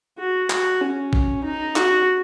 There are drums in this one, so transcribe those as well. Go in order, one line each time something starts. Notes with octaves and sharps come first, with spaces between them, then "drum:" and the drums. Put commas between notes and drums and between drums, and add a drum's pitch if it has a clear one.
F#4
F#4, drum: clap
C#4
drum: kick G#1
D#4
F#4, drum: clap